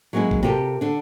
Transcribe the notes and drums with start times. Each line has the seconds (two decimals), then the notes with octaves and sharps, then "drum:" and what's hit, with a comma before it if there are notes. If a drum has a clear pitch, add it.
0.13 F#3 G#3 A#3 C#4 E4
0.31 drum: kick G#1
0.43 C3 F4 G4 A4 A#4
0.81 D3 D4